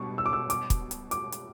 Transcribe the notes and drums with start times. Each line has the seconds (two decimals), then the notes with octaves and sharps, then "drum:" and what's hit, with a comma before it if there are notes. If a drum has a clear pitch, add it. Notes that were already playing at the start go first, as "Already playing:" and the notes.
Already playing: B2 G3 D4 C#6
0.18 E6
0.26 D6
0.33 E6
0.50 D6, drum: hi-hat
0.70 drum: kick, hi-hat
0.91 drum: hi-hat
1.11 D6, drum: hi-hat
1.32 drum: hi-hat